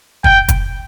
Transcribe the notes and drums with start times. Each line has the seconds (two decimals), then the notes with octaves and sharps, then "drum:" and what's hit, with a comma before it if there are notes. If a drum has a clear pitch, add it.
0.24 G5, drum: kick
0.48 drum: kick, hi-hat